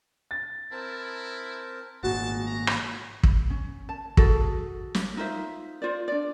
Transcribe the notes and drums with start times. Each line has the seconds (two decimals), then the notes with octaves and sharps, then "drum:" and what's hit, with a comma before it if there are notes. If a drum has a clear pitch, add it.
0.31 A6
0.72 C4 E4 A#4 A5
2.03 G#1 A#2 F#4 G#4 A5
2.47 A#5
2.67 drum: rim click
3.23 drum: kick
3.50 C#4
3.89 A5
4.17 F#4 G#4 A4, drum: kick
4.95 drum: snare
5.17 D#4 F4 C5 E5
5.82 F4 C5 D5
6.08 D4 D5